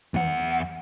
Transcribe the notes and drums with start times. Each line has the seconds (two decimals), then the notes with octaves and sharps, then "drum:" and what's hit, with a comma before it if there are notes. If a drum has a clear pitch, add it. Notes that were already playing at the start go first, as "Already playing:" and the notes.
0.14 E2 F#5, drum: tom D#3